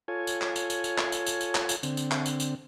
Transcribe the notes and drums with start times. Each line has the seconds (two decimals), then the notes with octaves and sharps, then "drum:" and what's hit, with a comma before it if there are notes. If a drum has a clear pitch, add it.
0.08 F4 A4 C#5 G#5
0.27 drum: tambourine
0.41 drum: clap
0.56 drum: tambourine
0.70 drum: tambourine
0.84 drum: tambourine
0.98 drum: clap
1.12 drum: tambourine
1.26 drum: tambourine
1.41 drum: tambourine
1.55 drum: clap
1.69 drum: tambourine
1.83 D3 C4, drum: tambourine
1.97 drum: tambourine
2.11 drum: clap
2.26 drum: tambourine
2.40 drum: tambourine